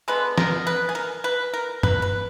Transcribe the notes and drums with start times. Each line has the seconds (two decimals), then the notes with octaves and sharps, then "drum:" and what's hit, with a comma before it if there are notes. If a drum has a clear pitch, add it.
0.08 D3 G#3 B3 B4
0.38 A#4, drum: snare
0.67 B4
0.89 G#4
0.95 A#4
1.24 B4
1.54 A#4
1.83 B4, drum: tom
2.02 B4